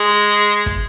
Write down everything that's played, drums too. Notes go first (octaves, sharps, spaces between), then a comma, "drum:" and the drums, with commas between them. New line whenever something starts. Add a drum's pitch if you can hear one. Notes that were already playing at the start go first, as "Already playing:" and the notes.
Already playing: G#3 G#4
drum: kick, hi-hat